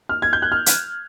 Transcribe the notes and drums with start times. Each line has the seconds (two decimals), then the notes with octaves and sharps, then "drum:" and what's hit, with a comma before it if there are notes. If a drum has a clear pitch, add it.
0.09 F6
0.22 G#6
0.33 G6
0.42 F#6
0.52 F6
0.66 drum: hi-hat